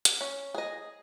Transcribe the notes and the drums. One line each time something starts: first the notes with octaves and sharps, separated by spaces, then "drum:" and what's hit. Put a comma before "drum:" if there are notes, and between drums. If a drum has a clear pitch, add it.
drum: hi-hat
C#4
G#4 D#5